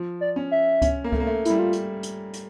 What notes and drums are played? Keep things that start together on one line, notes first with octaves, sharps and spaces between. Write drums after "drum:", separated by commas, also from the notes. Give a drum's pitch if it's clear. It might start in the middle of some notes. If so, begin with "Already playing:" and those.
Already playing: F3
D5
C#4
E5
C#4, drum: kick C#2, hi-hat
A#3
A3, drum: kick C#2
A#3
A3
G3 E4, drum: hi-hat
F4
drum: hi-hat
drum: hi-hat
drum: hi-hat